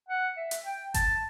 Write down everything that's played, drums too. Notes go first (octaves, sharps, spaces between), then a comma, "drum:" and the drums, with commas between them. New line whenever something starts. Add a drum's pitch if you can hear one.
F#5
E5
drum: hi-hat
G5
A5, drum: kick G1, hi-hat